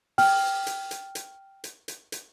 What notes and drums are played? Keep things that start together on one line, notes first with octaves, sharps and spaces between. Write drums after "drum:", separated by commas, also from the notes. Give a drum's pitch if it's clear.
G5 F6, drum: open hi-hat
drum: hi-hat
drum: hi-hat
drum: hi-hat
drum: hi-hat
drum: hi-hat
drum: hi-hat